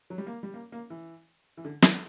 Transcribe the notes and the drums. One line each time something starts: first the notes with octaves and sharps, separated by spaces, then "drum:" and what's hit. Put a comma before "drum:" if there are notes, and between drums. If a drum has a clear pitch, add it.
F#3
G3
A#3
G3
A#3
A#3
E3
E3
D3
E3, drum: snare